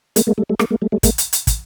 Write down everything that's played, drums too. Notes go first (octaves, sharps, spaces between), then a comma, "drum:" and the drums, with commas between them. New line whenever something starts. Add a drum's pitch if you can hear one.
G#3 A#3, drum: hi-hat
G#3 A#3
G3 A3
G3 A3
G#3 A#3, drum: rim click
G#3 A#3
G3 A3
G3 A3
G#3 A#3, drum: kick, hi-hat
drum: hi-hat
drum: hi-hat
drum: kick, hi-hat